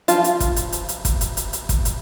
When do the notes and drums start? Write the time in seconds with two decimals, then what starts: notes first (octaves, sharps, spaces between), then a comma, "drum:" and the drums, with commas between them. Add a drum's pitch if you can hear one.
0.08 F3 F4, drum: hi-hat
0.24 drum: hi-hat
0.40 drum: kick, hi-hat
0.56 drum: hi-hat
0.72 drum: hi-hat
0.89 drum: hi-hat
1.05 drum: kick, hi-hat
1.21 drum: hi-hat
1.37 drum: hi-hat
1.53 drum: hi-hat
1.69 drum: kick, hi-hat
1.85 drum: hi-hat